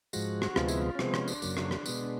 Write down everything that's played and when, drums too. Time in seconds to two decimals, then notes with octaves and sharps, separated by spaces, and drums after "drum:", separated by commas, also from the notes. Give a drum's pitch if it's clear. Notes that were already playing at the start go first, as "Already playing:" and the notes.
0.13 G#2 F3 G#3 F#4, drum: tambourine
0.42 drum: rim click
0.56 D2 C3 F3 G#3 B3 F4, drum: rim click
0.68 E4, drum: tambourine
0.81 F4
0.95 C#4
0.99 C3 F3 G#3 B3 C4, drum: rim click
1.14 C#4, drum: rim click
1.28 D4, drum: tambourine
1.42 F#2 C#3 F#3 A#3, drum: tambourine
1.57 drum: rim click
1.71 drum: rim click
1.86 B2 G#3 B3, drum: tambourine